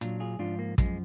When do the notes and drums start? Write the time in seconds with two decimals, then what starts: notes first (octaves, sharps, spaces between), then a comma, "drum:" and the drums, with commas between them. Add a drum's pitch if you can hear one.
0.01 A#2 F#3 D4 F4, drum: hi-hat
0.20 F4 G#4
0.39 G#2 F3 D4 F4
0.59 A#3
0.78 F#2 F3 G#3, drum: kick, hi-hat